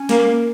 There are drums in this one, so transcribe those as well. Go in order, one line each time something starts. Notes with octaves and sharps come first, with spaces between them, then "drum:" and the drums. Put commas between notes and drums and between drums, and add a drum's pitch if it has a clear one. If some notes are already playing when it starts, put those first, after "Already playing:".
Already playing: C#4
A#3, drum: snare